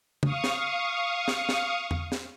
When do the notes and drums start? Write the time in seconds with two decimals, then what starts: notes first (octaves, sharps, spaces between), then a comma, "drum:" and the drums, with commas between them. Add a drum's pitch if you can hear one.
0.23 F5 C#6 D#6, drum: tom C#3
0.44 drum: snare
1.28 drum: snare
1.49 drum: snare
1.91 drum: tom E2
2.12 drum: snare